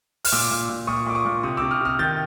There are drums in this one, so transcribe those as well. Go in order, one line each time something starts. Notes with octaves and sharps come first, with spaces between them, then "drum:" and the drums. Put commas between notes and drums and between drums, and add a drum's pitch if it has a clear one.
F6, drum: open hi-hat
A#2 D6 E6
A#2
A#2
A#2 C#6 D#6
A#2 D6
C#6 D#6
A#2
C3 C#6 D#6
C3 D6 E6
D#6 F6
C3 D#6 F6
D#3 G6 A6